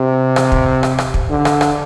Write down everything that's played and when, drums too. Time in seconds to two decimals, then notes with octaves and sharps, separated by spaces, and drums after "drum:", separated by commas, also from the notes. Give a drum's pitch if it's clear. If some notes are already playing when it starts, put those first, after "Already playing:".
Already playing: C3
0.36 drum: rim click
0.52 drum: kick
0.83 drum: rim click
0.98 drum: rim click
1.14 drum: kick
1.30 D3
1.45 drum: rim click
1.61 drum: rim click